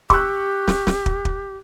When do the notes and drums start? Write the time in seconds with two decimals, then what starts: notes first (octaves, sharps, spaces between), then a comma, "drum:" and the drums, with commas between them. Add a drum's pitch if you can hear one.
0.10 G4 C#6 E6 F#6, drum: kick
0.68 drum: snare
0.87 drum: snare
1.06 drum: kick
1.25 drum: kick